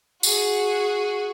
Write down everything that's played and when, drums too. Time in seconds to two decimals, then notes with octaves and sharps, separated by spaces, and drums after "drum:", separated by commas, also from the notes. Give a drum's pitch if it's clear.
0.23 F#4 G#4, drum: tambourine